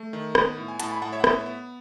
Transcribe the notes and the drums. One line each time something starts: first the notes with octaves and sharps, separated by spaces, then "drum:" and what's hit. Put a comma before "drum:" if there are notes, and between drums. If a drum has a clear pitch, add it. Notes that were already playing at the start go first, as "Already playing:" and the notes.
Already playing: A3
D#3
B3, drum: rim click
A2
G#5
A2 F#5 A5, drum: hi-hat
G#5 B5
A2 F#5 A5
C#5 E5
F#5
B3 C#5 E5, drum: rim click
B3